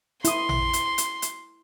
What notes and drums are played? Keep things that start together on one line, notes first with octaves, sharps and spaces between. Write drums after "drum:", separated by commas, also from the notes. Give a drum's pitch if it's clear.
E4 C6 D#6, drum: hi-hat
drum: tom A1
drum: hi-hat
drum: hi-hat
drum: hi-hat